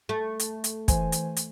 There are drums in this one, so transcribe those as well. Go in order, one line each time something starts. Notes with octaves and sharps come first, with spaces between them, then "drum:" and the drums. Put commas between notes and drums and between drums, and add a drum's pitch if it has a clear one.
A3
drum: hi-hat
drum: hi-hat
E3 C5 G#5, drum: kick, hi-hat
drum: hi-hat
drum: hi-hat